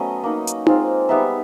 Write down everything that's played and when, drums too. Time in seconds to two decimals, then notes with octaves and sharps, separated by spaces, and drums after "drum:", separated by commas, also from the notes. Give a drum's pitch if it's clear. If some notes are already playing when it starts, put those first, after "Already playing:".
Already playing: F#3 A3 B3 C#4 D#5
0.24 A#3 D#4
0.47 drum: hi-hat
0.67 G#3 C4 F4, drum: tom D#4
1.09 G3 B3 D#4 E5